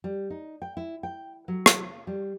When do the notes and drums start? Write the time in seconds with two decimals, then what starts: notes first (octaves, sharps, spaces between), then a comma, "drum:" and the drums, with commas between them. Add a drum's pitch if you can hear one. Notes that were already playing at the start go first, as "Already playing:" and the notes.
0.04 G3
0.30 D#4
0.62 G5
0.77 E4
1.03 G5
1.48 F#3
1.66 drum: rim click
2.07 G3